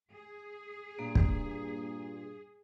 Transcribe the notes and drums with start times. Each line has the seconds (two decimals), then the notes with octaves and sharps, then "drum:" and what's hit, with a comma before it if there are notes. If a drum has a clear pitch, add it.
0.11 G#4
0.99 G2 A#2 A#3
1.15 drum: kick